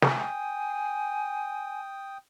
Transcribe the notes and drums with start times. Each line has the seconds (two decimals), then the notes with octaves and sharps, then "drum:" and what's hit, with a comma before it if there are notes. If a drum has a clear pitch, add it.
0.02 G5 G#5 D#6, drum: snare